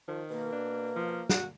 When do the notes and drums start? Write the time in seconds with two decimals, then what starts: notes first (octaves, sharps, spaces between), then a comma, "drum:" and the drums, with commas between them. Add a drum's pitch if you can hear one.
0.08 D#3 F3
0.30 B2 A#3
0.52 D4
0.96 F3
1.30 F#4, drum: snare